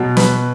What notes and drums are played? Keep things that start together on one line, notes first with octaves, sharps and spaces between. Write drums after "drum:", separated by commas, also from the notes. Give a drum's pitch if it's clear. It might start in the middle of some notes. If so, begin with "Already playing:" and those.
Already playing: B2 F#3
B4, drum: snare